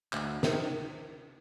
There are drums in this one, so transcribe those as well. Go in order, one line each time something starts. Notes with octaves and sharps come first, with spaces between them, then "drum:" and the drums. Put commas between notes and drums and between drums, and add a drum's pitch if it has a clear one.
D2, drum: clap
C3 D#3, drum: snare